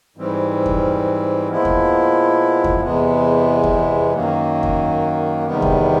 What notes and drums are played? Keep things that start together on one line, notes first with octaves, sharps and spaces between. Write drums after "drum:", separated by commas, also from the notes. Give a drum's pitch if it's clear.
G#2 E3 G3 C4
drum: kick E2
A#2 F3 G#3 B3 E4
drum: kick E2
drum: kick E2
E2 C3 E3 G#3 B3
drum: kick E2
F#2 D#3 F#3 A#3
drum: kick E2
E2 C3 D#3 G3 B3
drum: kick E2